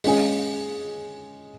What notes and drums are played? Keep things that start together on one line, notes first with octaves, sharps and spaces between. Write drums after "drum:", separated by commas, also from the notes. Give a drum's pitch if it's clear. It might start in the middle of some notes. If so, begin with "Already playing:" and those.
G#3 C#4 G#4, drum: open hi-hat